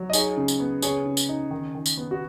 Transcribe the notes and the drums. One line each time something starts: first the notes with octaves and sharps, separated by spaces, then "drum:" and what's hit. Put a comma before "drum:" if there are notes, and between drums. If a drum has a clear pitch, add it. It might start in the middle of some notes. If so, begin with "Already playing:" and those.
Already playing: F#3
D#5
D#4 G#4 C#5, drum: tambourine
C#3
drum: tambourine
B3
C#3 G#4 C#5, drum: tambourine
C#3
drum: tambourine
D#4
D#3
D#3
drum: tambourine
B3
F#4